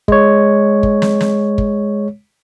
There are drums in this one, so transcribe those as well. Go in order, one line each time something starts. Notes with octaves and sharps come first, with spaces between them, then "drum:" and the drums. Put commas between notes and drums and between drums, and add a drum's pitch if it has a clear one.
G#3 C#5, drum: kick
drum: kick
drum: snare
drum: snare
drum: kick